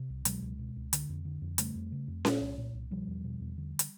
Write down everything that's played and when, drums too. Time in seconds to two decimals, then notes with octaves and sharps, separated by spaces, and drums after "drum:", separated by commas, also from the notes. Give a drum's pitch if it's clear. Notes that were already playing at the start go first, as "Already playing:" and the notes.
Already playing: C3
0.10 C2
0.25 B2 F#3 G#3, drum: hi-hat
0.42 C#2
0.59 B2
0.76 C#2
0.93 D3, drum: hi-hat
1.09 F2
1.25 D3
1.42 F2
1.58 C#3 G3 A3, drum: hi-hat
1.75 F2
1.92 C#3
2.08 F2
2.25 A#2, drum: snare C#4
2.41 C2
2.58 A#2
2.74 C2
2.91 B2 F3 G3
3.08 E2
3.24 B2
3.41 E2
3.57 D3
3.79 drum: hi-hat